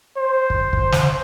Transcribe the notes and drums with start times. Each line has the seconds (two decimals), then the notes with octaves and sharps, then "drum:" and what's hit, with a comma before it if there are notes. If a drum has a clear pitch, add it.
0.17 C5
0.50 drum: kick
0.73 drum: kick
0.92 drum: snare